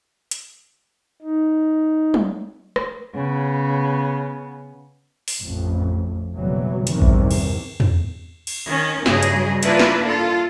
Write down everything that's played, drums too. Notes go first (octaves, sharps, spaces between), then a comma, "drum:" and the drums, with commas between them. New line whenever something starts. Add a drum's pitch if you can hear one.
drum: hi-hat
D#4
drum: tom
drum: rim click
C#3 B3
drum: open hi-hat
A1 F2
F#1 B2 E3 F#3 G3
E2 G2 C3 D#3 E3, drum: hi-hat
drum: kick A1
drum: cymbal
drum: tom
drum: cymbal
D#3 C#4
G2 C#3 F#3 G#4 D#5, drum: snare
drum: hi-hat
A#3 D4 E4 F4 B4, drum: hi-hat
drum: snare
F4 A4